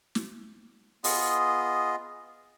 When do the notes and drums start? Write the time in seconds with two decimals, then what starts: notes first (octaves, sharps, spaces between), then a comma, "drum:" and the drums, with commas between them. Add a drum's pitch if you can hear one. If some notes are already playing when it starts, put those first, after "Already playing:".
0.15 drum: snare
1.04 B3 F4 G#4 D#5, drum: open hi-hat